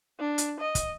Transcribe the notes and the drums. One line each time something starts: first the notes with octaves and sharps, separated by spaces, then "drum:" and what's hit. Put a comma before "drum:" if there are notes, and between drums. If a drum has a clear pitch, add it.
D4
drum: hi-hat
D#5
drum: kick, hi-hat